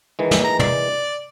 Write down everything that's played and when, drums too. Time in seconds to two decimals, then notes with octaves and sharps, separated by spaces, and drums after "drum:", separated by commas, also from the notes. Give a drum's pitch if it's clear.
0.19 D#3 E3 G#3
0.31 drum: snare
0.44 A#5
0.59 D5, drum: tom